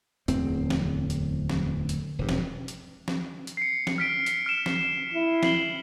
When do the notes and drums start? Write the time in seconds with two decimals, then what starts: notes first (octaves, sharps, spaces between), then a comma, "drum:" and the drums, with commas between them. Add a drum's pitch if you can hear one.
0.28 D1 E2 C4, drum: hi-hat
0.70 drum: snare
1.10 drum: hi-hat
1.50 drum: snare
1.89 drum: hi-hat
2.19 E1 G2
2.29 drum: snare
2.68 drum: hi-hat
3.08 drum: snare
3.47 drum: hi-hat
3.57 C7 C#7
3.87 drum: snare
3.98 F6 B6 D7
4.26 drum: hi-hat
4.46 F6 D7 E7
4.66 drum: snare
5.14 E4
5.43 C7 F#7 G7, drum: snare